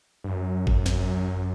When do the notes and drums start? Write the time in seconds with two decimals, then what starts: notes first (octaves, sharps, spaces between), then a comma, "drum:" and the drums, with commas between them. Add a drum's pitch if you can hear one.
0.24 G2
0.29 F#2
0.67 drum: kick G#1
0.86 drum: snare